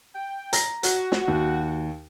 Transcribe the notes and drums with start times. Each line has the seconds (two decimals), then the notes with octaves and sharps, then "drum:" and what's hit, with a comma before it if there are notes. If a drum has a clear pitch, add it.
0.15 G5
0.53 A#5 A#6, drum: hi-hat
0.83 F#4, drum: hi-hat
1.12 drum: snare
1.28 D#2